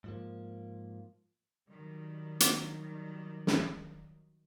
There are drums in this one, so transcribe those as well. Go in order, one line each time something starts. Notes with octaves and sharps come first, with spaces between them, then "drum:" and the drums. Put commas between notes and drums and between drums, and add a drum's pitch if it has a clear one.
G#2 F3 A#3
D#3 F#3 G3
drum: hi-hat
drum: snare